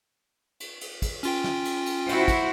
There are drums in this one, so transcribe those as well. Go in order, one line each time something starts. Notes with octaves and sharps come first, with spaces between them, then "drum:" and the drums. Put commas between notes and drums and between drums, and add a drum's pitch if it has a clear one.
drum: cymbal
drum: cymbal
drum: kick, cymbal
C#4 F4 G5, drum: cymbal
drum: snare
drum: cymbal
drum: cymbal
E4 F#4 C5, drum: cymbal
drum: kick, cymbal